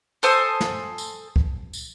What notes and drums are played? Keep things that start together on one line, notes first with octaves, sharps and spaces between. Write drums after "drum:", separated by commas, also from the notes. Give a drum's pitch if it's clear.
A4 C5 G#5 D#6, drum: tambourine
drum: snare
drum: tambourine
drum: kick C2
drum: tambourine